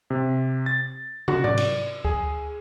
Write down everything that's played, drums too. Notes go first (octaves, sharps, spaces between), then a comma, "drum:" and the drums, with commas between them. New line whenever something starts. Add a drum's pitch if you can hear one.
C3
A6
F#4, drum: tom
D5, drum: tom G#2
drum: cymbal
G#4, drum: kick D2